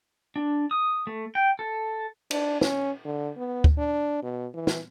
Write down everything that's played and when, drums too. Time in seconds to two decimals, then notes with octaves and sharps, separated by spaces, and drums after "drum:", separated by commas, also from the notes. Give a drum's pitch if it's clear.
0.36 D4
0.71 D#6
1.07 A3
1.35 G5
1.59 A4
2.31 D4, drum: cymbal
2.61 C#4, drum: snare
3.05 D3
3.37 B3
3.64 drum: kick D2
3.78 D4
4.23 B2
4.54 E3
4.67 drum: snare